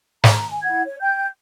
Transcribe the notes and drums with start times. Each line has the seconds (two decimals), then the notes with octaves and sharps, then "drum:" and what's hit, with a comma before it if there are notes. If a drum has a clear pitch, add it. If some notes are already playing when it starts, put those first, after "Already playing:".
0.24 A#5, drum: snare
0.50 G#5
0.63 E4 F#5 G#6
0.86 C#5
1.01 G5 G6